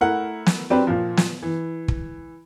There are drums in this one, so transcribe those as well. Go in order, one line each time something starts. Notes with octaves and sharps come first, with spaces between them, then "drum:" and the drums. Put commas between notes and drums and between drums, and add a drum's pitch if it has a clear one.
A3 E4 A#4 F#5
drum: snare
F#3 C4 D4 G4 B4
A#2 F3
drum: snare
E3
drum: kick